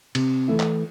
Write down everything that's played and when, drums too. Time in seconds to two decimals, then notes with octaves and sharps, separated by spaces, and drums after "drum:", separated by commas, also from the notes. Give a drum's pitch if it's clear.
0.15 C3, drum: cymbal
0.48 E3 A3 E4
0.60 drum: clap